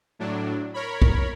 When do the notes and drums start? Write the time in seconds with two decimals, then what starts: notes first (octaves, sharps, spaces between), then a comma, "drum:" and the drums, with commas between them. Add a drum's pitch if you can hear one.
0.19 A2 F#3 D4
0.74 A#4 C#5 B5
1.02 drum: kick B1